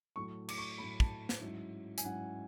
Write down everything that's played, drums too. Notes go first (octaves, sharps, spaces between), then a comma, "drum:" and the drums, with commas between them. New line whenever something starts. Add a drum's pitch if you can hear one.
A2 F#3 A3 C#6
D6, drum: cymbal
C#6
A2 F#3 A3 B5
A5, drum: kick
drum: snare
G#2 F#3 C#4 E4
G#5, drum: hi-hat
G#2 F#3 C#4 E4 F#5